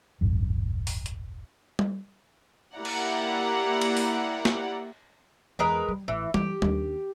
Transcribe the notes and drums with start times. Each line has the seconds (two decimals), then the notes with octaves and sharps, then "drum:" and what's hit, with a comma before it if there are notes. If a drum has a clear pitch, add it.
0.21 D#1 G#1 F#2
0.87 drum: open hi-hat
1.06 drum: hi-hat
1.79 drum: tom G3
2.76 A#3 E4 G4 D5 F#5 A#5
2.85 drum: cymbal
3.82 drum: cymbal
3.97 drum: open hi-hat
4.45 drum: snare
5.59 E2 G#3 A#4 B4
5.88 G3
6.08 A1 E3
6.34 E3 G4, drum: tom G3
6.62 D#2 D4, drum: tom G3